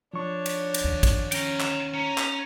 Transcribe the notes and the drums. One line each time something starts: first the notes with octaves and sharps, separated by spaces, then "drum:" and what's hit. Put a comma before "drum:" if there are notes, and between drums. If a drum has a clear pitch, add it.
F3 D4 C#5 C#6
drum: cymbal
drum: cymbal
D#2
drum: kick, cymbal
C#4 G5 A#5, drum: cymbal
drum: clap
C#4 A#5
drum: clap